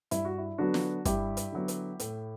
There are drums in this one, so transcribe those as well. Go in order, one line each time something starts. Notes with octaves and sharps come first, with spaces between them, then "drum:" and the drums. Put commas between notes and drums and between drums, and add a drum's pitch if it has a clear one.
G2 E4, drum: hi-hat
F#4
E4
D3 F#3 B3 D4 F#4
drum: snare
G2 E4 G4, drum: kick, hi-hat
drum: hi-hat
D3 F#3 B3
drum: hi-hat
A2, drum: hi-hat